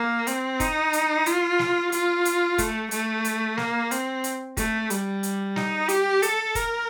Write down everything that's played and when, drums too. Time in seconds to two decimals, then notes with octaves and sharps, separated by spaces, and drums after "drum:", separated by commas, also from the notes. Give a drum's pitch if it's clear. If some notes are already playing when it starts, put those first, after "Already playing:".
Already playing: A#3
0.27 C4, drum: hi-hat
0.60 D#4, drum: kick, hi-hat
0.93 drum: hi-hat
1.26 F4, drum: hi-hat
1.59 drum: snare
1.92 F4, drum: hi-hat
2.25 drum: hi-hat
2.58 A3, drum: kick, hi-hat
2.91 A3, drum: hi-hat
3.25 drum: hi-hat
3.58 A#3, drum: snare
3.91 C4, drum: hi-hat
4.24 drum: hi-hat
4.57 A3, drum: kick, hi-hat
4.90 G3, drum: hi-hat
5.23 drum: hi-hat
5.56 D#4, drum: snare
5.89 G4, drum: hi-hat
6.22 A4, drum: hi-hat
6.55 A#4, drum: kick, hi-hat